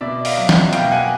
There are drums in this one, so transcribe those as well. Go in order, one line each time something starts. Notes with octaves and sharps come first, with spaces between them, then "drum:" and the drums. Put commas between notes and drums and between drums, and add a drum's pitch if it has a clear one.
B2 D5 E5
D#5 F5, drum: open hi-hat
F#3
E5 F#5, drum: snare
B2 F5 G5, drum: hi-hat
F#5 G#5